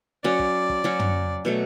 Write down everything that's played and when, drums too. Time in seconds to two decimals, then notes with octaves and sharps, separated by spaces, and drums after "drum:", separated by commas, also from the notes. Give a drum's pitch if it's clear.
0.24 F#3 C#4 F#4 D5
0.39 drum: kick
0.69 drum: kick
0.84 F#3 C#4 F#4
0.99 drum: tom
1.45 B2 F#3 A3